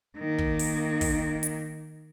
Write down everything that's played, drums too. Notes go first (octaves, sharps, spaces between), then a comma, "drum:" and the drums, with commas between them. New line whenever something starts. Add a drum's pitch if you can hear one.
D#3 A#3
drum: kick
drum: open hi-hat
drum: kick, open hi-hat
drum: hi-hat